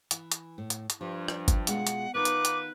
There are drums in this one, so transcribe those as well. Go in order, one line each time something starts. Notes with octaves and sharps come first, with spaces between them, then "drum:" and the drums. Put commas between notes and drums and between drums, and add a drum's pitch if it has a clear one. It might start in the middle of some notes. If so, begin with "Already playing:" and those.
E3, drum: hi-hat
drum: hi-hat
A2
drum: hi-hat
drum: hi-hat
G2 F3
drum: rim click
drum: kick G1, hi-hat
B2 G#3 F4 F#5, drum: hi-hat
drum: hi-hat
D#3 B3 D#4 F4 B4 D6
drum: hi-hat
drum: hi-hat